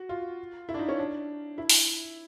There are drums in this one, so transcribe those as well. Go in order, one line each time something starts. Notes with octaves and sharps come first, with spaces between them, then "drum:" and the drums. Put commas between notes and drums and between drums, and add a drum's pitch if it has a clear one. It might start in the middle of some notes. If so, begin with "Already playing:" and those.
Already playing: F#4
F4
E4
D4
D#4
C#4
D4
E4
drum: open hi-hat